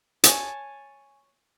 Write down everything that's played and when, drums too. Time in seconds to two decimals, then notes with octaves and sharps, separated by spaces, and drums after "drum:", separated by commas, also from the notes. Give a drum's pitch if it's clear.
0.24 C#5 G#5 A5, drum: hi-hat